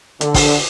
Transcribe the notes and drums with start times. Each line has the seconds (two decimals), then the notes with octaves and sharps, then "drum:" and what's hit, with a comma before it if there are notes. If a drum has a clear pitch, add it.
0.21 D3, drum: hi-hat
0.34 drum: kick, open hi-hat